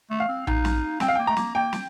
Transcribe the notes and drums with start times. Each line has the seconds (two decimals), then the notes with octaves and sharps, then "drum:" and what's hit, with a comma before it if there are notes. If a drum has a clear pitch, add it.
0.10 A3
0.20 F5
0.29 C4
0.47 D#4, drum: tom A#1
0.65 drum: snare
1.00 C4 G5, drum: snare
1.08 F5
1.15 A#3 G5
1.27 A3 A#5
1.36 A#3, drum: snare
1.55 A#3 G5
1.73 drum: snare